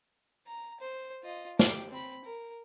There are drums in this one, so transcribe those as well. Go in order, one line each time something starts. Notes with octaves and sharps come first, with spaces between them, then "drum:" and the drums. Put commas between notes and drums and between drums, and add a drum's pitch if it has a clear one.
A#5
C5
F4 D#5
G4 D6, drum: snare
C4 B5
A#4